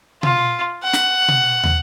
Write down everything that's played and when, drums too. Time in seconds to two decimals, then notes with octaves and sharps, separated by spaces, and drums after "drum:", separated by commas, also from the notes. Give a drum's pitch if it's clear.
0.23 F4, drum: tom B2
0.83 F#5
0.93 drum: snare
1.28 drum: tom B2
1.64 drum: tom